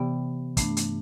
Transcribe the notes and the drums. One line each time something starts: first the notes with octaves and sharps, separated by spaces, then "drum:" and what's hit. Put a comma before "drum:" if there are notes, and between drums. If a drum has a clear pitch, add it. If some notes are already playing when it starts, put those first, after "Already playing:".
Already playing: C3 E3 G3 B3
G2 E3 A3 D4, drum: kick, hi-hat
drum: hi-hat